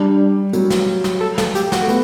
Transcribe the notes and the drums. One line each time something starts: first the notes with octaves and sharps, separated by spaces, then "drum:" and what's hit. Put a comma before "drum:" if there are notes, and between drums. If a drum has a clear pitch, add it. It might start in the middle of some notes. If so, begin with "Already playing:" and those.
Already playing: G3 D4
F#3, drum: hi-hat
drum: snare
drum: snare
A4
A4, drum: snare
G4, drum: hi-hat
F#4, drum: snare
A3
B3, drum: hi-hat